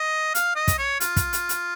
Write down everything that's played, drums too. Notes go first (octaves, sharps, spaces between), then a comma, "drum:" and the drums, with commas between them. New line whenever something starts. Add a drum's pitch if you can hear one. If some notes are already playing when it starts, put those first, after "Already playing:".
Already playing: D#5
F5, drum: hi-hat
D#5
drum: kick, hi-hat
C#5
F4, drum: hi-hat
drum: kick, hi-hat
drum: hi-hat
drum: hi-hat